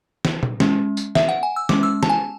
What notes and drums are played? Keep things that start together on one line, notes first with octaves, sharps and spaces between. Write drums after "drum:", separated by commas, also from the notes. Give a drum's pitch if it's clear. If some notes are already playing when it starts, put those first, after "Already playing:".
drum: snare
drum: tom A#2
G#3 C#4, drum: snare
drum: tambourine
E5, drum: snare
F#5
G#5
E6
G#3 C#4 D6, drum: snare
E6
A5, drum: snare
G#5